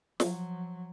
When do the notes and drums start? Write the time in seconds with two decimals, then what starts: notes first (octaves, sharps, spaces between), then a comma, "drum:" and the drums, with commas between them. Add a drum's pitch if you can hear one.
0.20 F3 F#3, drum: snare